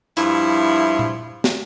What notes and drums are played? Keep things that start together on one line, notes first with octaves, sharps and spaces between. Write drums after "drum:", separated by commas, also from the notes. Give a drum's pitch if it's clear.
G2 F3 E4, drum: hi-hat
drum: tom A#2
drum: snare